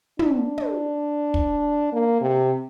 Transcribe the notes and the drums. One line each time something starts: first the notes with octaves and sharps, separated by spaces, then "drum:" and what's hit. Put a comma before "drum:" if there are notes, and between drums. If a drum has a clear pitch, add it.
D4, drum: tom
drum: tom
drum: kick
A#3
C3